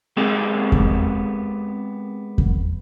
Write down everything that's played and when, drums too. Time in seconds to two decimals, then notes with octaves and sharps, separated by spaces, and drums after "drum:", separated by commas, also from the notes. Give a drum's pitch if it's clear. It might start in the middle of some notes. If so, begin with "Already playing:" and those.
0.17 G#3 B3 C4 G4 G#4 A#4
0.72 drum: kick E2
2.38 drum: kick E2